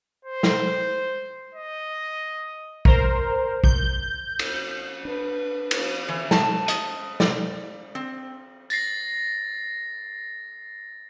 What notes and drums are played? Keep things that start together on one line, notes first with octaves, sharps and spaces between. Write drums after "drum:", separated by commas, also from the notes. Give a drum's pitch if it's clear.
C5
drum: snare
D#5
A#4 C5, drum: kick
G6, drum: kick
drum: cymbal
D4 B4
drum: cymbal
E3
A5, drum: snare
D#5, drum: hi-hat
D5, drum: snare
C4
A6 A#6 C7, drum: tambourine